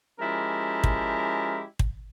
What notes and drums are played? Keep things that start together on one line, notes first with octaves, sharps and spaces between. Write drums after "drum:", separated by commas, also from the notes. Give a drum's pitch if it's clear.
F3 G#3 C#4 E4 G4 A#4
drum: kick
drum: kick